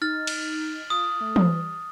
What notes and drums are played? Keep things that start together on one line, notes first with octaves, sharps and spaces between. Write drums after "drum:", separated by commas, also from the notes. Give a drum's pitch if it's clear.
D#4 F6 A6
drum: cymbal
F4 D#6
A3
drum: tom E3
G3